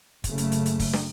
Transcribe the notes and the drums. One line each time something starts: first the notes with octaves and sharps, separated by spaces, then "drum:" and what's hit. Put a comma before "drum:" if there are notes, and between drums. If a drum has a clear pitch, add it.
F#1 C#3 A3, drum: kick, hi-hat
drum: hi-hat
drum: hi-hat
drum: hi-hat
drum: kick, open hi-hat
drum: snare